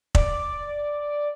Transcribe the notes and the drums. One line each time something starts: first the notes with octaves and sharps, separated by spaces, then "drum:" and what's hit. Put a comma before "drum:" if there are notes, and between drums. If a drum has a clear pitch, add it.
D5, drum: kick